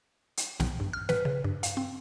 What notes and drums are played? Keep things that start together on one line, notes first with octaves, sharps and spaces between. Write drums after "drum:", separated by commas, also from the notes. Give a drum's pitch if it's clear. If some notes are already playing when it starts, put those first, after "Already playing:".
drum: hi-hat
B1, drum: snare
G2
F6
B4, drum: snare
C#3
G2
F5, drum: hi-hat
C4